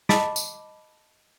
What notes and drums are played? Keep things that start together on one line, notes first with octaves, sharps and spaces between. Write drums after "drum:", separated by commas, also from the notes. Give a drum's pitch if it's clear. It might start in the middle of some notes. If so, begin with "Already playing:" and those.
D#5 A5 B5 D6, drum: snare
drum: tambourine